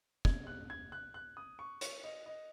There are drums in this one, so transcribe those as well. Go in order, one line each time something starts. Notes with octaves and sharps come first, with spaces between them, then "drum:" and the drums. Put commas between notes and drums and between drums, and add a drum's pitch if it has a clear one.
G#6, drum: kick
F#6
G#6
F#6
F#6
D#6
C#6
C#5, drum: hi-hat
D#5
D#5